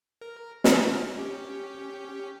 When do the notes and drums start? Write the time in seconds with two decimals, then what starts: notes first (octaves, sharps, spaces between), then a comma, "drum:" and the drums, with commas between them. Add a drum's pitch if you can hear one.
0.21 A#4
0.64 F6, drum: snare
1.15 C#4 G4